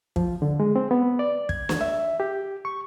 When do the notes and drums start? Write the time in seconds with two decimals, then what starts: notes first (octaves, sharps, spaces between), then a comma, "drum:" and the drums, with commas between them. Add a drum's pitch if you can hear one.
0.16 F3, drum: kick
0.42 D3
0.60 G#3
0.76 C4
0.91 B3
1.19 D5
1.49 G#6, drum: kick
1.69 drum: snare
1.81 E5
2.20 G4
2.65 C#6